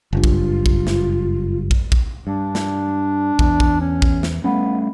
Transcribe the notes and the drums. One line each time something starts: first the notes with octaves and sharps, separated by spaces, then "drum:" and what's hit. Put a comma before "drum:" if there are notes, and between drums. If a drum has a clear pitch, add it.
F#1 G2 F4
drum: kick
drum: kick
drum: snare
drum: kick
drum: kick
G2 D4
drum: snare
E2, drum: kick
drum: kick
C#4
drum: kick
drum: snare
G3 A3 B3 C#4